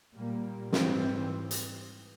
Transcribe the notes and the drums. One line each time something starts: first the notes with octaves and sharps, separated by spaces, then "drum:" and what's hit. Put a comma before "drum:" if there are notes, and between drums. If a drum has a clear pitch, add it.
A#2 G3 A#3
G#2 E3 G3 C4, drum: snare
drum: hi-hat